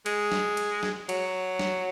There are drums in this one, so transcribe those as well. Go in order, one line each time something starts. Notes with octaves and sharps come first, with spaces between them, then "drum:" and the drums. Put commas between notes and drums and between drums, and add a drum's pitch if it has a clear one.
G#3, drum: cymbal
drum: snare
drum: cymbal
drum: snare
F#3, drum: cymbal
drum: snare